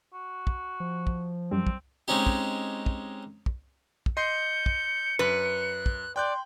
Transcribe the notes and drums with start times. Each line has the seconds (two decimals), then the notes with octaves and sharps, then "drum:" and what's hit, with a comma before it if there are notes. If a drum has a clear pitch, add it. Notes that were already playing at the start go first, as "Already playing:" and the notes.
0.14 F#4
0.47 drum: kick
0.80 F3
1.07 drum: kick
1.51 F#2 G3 C4
1.67 drum: kick
2.08 G#3 C4 C#4 D#4 G4
2.26 drum: kick
2.86 drum: kick
3.46 drum: kick
4.06 drum: kick
4.17 D#5 C6 G6 C7 C#7
4.66 drum: kick
5.19 F#2 B4 F#6
5.86 drum: kick
6.16 D5 G5 C6 F#6 G6